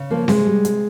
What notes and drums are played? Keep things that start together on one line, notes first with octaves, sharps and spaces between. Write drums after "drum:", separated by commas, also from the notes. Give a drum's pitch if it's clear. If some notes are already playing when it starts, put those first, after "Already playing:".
Already playing: C#3
F3 A#3
C3 G#3, drum: snare C4
G3
C3, drum: hi-hat